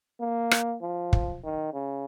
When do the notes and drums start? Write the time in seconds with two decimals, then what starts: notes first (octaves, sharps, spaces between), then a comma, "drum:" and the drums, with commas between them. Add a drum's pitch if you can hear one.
0.20 A#3
0.51 drum: rim click
0.82 F3
1.13 drum: kick
1.44 D#3
1.73 C#3